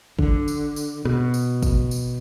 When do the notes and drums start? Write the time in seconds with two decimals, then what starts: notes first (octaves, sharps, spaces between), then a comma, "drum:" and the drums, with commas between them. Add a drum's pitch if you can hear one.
0.19 D3, drum: kick
0.48 drum: tambourine
0.76 drum: tambourine
1.05 B2, drum: rim click
1.34 drum: tambourine
1.63 drum: kick, tambourine
1.91 drum: tambourine